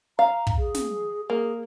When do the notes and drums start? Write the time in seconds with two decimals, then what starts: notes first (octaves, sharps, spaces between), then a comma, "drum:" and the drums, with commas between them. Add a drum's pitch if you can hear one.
0.19 F5 A#5
0.47 drum: kick
0.58 G#4
0.74 drum: snare
1.30 A#3 G#4